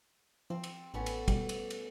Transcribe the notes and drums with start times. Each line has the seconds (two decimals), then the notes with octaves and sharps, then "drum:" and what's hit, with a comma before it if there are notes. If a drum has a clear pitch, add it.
0.50 F3 C4
0.64 drum: cymbal
0.94 A1 A3 B3 C#4
1.06 drum: cymbal
1.28 B2 G3, drum: kick, cymbal
1.49 drum: cymbal
1.70 drum: cymbal